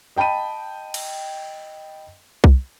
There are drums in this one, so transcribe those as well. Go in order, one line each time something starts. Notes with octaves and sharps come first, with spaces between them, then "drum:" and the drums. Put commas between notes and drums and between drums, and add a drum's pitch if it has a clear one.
D#5 G5 A5 B5 D#7
drum: cymbal
drum: kick C2